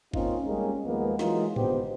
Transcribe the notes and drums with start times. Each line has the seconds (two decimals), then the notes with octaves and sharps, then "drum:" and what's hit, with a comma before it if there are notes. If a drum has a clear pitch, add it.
0.14 A#3 C4 C#4 D#4 F4, drum: kick
0.45 G3 G#3 A#3 C#4 D#4 G4
0.86 D#2 F3 G#3 A#3 B3
1.19 E3 F#3 G#3 A#3 D#4 F4, drum: snare
1.56 G#1 D3 B3 C4 G4 C5, drum: tom G#2